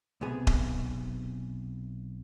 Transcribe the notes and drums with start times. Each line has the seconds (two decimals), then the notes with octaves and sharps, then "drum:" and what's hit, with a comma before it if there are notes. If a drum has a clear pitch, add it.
0.21 B1 C3 B3 G#4
0.47 drum: kick D#1